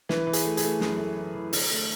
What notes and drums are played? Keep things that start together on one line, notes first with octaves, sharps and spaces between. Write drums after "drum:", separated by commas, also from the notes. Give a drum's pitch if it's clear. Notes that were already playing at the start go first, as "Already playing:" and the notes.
E3 B4, drum: snare
E3
G#4, drum: hi-hat
A3
G#4, drum: hi-hat
A3
F#2 G#4, drum: snare
A3
E3
E3
D3, drum: open hi-hat
A3